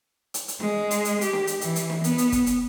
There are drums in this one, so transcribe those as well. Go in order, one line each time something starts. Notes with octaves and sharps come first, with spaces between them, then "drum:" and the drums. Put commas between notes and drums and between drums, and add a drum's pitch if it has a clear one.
drum: hi-hat
drum: hi-hat
G#3, drum: snare
drum: hi-hat
drum: hi-hat
G4, drum: hi-hat
drum: snare
drum: hi-hat
E3, drum: hi-hat
drum: hi-hat
drum: snare
B3, drum: hi-hat
drum: hi-hat
drum: kick, hi-hat
drum: hi-hat